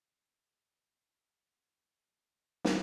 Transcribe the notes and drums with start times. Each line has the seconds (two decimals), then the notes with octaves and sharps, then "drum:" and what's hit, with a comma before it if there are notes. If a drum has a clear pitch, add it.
0.07 C#5 G#5
2.65 drum: snare